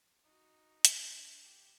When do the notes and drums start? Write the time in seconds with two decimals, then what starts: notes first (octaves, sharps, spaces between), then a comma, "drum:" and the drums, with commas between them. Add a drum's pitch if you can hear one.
0.25 D#4 F#4
0.85 D4, drum: hi-hat
1.44 G4